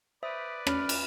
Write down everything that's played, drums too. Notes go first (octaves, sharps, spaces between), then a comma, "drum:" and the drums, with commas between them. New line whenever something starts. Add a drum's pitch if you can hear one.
B4 C5 D5 E5 D#6
C#4 B5 F6, drum: rim click
drum: cymbal